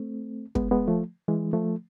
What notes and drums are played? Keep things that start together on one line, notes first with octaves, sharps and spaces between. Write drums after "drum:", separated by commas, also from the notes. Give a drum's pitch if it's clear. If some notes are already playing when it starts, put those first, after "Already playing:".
Already playing: A3 C4
G#3 B3, drum: kick
G#3 B3
F3 A3
E3 G#3
F3 A3